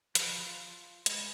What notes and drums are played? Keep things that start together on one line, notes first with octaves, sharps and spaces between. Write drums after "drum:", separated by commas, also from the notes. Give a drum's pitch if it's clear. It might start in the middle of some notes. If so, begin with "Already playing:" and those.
F3 B5, drum: hi-hat
F4
G#3 B4, drum: hi-hat